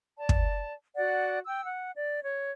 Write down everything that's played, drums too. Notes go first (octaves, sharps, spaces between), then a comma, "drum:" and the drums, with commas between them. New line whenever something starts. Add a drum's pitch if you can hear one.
D5 A5
drum: kick
F#4 D5 F#5
G5 E6
F#5
D5
C#5